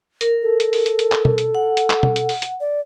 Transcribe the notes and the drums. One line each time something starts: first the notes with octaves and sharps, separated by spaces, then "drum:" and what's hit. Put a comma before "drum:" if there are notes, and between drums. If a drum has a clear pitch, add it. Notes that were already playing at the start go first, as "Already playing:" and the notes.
A#4, drum: hi-hat
A4
drum: hi-hat
drum: open hi-hat
drum: hi-hat
drum: hi-hat
drum: clap
drum: tom
drum: hi-hat
F#5
drum: hi-hat
drum: clap
drum: tom
drum: hi-hat
drum: open hi-hat
drum: hi-hat
D5